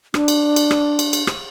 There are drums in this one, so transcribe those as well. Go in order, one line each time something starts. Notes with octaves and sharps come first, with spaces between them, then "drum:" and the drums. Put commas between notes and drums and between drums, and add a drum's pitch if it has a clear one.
D4, drum: rim click
drum: cymbal
drum: cymbal
drum: rim click
drum: cymbal
drum: cymbal
drum: rim click